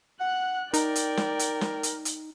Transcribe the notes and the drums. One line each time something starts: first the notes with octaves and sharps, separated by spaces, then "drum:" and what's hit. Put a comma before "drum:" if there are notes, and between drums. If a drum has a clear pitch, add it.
F#5 F#6
D#4 A#4 D5 G5, drum: hi-hat
drum: hi-hat
drum: snare
drum: hi-hat
drum: snare
drum: hi-hat
drum: hi-hat